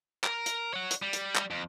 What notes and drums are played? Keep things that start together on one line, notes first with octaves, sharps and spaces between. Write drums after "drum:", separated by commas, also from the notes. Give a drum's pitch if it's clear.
A#4, drum: clap
drum: hi-hat
C#5 F#5
drum: hi-hat
G3
drum: hi-hat
drum: clap
F2